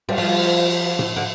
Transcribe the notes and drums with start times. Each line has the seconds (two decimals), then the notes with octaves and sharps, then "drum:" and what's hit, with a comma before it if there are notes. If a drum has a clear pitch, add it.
0.09 G3, drum: cymbal
0.18 F3
0.99 drum: tom A2
1.16 D3